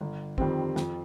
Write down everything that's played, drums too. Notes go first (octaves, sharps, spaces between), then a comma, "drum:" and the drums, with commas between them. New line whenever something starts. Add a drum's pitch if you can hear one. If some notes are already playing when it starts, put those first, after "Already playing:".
G1
F2 D#3 G3 C4, drum: kick
F2, drum: snare